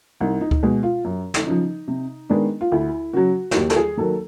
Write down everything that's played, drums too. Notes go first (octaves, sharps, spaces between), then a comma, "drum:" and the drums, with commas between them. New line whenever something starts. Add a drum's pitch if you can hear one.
C2 D#4
D#4
drum: kick D2
B2 G#3
F4
F#2
drum: snare
C#3 F3 D#4
C3
D#3 G#3 B3 D4
F4
D2 E4
C#3 F#3 F#4
F#4, drum: snare
D#2 G4
A4, drum: snare
G#4
D#3 F#3 A#3 A4